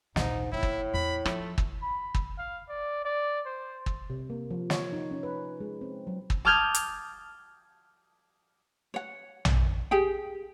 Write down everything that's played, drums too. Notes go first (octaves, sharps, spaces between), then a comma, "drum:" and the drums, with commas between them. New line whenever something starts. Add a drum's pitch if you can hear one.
A#1 D#2 G#2 D#4, drum: snare
A2 D#3 A#3 E4
drum: kick
E2 B5
F3 A3, drum: rim click
drum: kick
B5
drum: kick
F5
D5
D5
C5
drum: kick
C3
A#3
F3
C#5, drum: snare
D#4
C#4
B4
G#3
C4
F#3
drum: kick
A5 D6 D#6 F6 G6 G#6
drum: hi-hat
C#5 F#5
drum: tom A#1
G4 G#4 G5